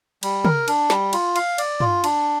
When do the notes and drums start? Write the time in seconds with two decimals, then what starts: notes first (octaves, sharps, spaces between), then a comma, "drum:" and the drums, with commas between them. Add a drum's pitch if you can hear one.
0.23 G3, drum: cymbal
0.45 A#4, drum: tom
0.68 D4, drum: cymbal
0.90 G3, drum: snare
1.13 F4, drum: cymbal
1.36 F5, drum: cymbal
1.58 D5, drum: cymbal
1.80 F4, drum: tom
2.04 D4, drum: cymbal